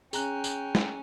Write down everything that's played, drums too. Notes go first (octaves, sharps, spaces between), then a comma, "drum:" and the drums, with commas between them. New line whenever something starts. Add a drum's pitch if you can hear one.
C#4 G#4 G5 A#5 F#6, drum: tambourine
drum: tambourine
drum: snare